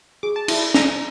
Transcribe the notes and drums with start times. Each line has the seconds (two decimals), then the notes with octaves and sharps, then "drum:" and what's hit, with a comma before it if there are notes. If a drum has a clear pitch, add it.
0.23 G#4 D6
0.36 A5
0.48 E4, drum: cymbal
0.74 C#4 A#5, drum: snare